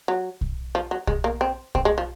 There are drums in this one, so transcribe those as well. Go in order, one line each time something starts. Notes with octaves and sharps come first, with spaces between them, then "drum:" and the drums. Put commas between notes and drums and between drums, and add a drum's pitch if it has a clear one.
F#3
drum: kick
F3
F#3
G#3, drum: kick
A#3
C4
C4, drum: kick
G#3
F3